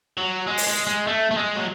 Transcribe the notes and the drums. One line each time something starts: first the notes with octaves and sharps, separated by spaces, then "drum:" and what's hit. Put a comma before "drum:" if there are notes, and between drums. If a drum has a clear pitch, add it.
F#3
G#3
drum: open hi-hat
G#3
G#3
A3
A3
G#3
F#3